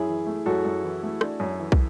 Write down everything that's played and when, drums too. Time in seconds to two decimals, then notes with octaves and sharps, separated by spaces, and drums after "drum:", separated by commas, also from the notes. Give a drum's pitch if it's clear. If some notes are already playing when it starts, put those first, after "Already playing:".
Already playing: F#2 E4 G#4
0.08 E3
0.27 A3
0.46 F#2 F#4 A4
0.65 F#2
0.83 E3
1.03 A3
1.21 D4, drum: rim click
1.40 F#2
1.60 E3
1.72 drum: kick